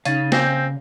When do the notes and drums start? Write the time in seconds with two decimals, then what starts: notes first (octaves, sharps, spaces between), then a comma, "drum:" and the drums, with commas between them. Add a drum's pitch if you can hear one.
0.05 C#3 D#4 C#5 F5 A6 D#7, drum: hi-hat
0.32 C4 G#5 G6 A#6, drum: snare